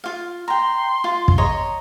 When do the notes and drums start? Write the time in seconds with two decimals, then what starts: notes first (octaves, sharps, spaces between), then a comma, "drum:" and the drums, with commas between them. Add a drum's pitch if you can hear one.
0.04 F4 F5
0.48 G5 A#5 C6
1.04 F4
1.28 drum: kick
1.38 C#5 D#5 A#5